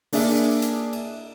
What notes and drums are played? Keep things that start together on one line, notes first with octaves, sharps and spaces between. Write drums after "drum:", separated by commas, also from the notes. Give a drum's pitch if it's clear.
A#3 D4 G#4 E5, drum: open hi-hat
drum: hi-hat
drum: cymbal